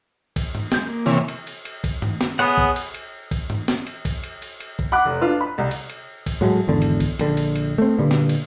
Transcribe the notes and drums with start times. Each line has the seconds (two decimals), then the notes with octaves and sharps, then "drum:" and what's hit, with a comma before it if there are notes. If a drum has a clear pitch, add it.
0.36 drum: kick, cymbal
0.55 drum: tom G2
0.72 G#3 G6, drum: snare
0.85 A#3
1.06 C3 E3 C#5
1.28 drum: cymbal
1.47 drum: cymbal
1.65 drum: cymbal
1.84 drum: kick, cymbal
2.02 drum: tom G2
2.21 drum: snare
2.39 B3 G#4 C#5 F#5, drum: cymbal
2.58 drum: kick
2.76 drum: cymbal
2.94 drum: cymbal
3.31 drum: kick, cymbal
3.50 drum: tom G2
3.68 drum: snare
3.87 drum: cymbal
4.05 drum: kick, cymbal
4.24 drum: cymbal
4.42 drum: cymbal
4.60 drum: cymbal
4.79 drum: kick
4.92 F#5 B5 D6 F#6
5.05 F1
5.21 D4 F4 B4
5.41 B5
5.58 C2
5.71 drum: cymbal
5.90 drum: cymbal
6.26 drum: kick, cymbal
6.41 A2 F#3 G#3 A3
6.67 G#1 E2 D3
6.82 drum: cymbal
7.00 drum: kick, cymbal
7.19 A#1 D3, drum: cymbal
7.37 drum: cymbal
7.56 drum: cymbal
7.78 A3 C4
7.99 G2 A#2 D3
8.11 drum: snare
8.29 drum: cymbal